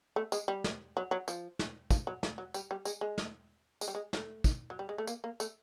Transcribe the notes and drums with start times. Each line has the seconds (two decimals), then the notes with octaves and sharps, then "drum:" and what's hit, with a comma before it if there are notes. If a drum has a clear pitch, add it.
0.16 A3
0.32 G#3, drum: tambourine
0.48 G3
0.64 drum: snare
0.97 F#3
1.11 F#3
1.28 F3, drum: tambourine
1.59 drum: snare
1.91 F3, drum: kick, tambourine
2.07 F#3
2.23 F3, drum: snare
2.38 F#3
2.54 G3, drum: tambourine
2.71 G3
2.85 G#3, drum: tambourine
3.01 G#3
3.18 drum: snare
3.81 G#3, drum: tambourine
3.88 G3
3.95 G#3
4.13 A3, drum: snare
4.44 drum: kick, tambourine
4.70 F#3
4.79 G3
4.89 G#3
4.98 A3
5.07 A#3, drum: tambourine
5.24 A#3
5.40 A3, drum: tambourine